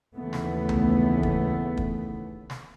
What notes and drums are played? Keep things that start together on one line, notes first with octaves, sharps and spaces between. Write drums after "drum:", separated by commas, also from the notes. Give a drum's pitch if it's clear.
D#2 C#3 E3 A3 B3
drum: snare
drum: tom C2
drum: kick
drum: kick
drum: snare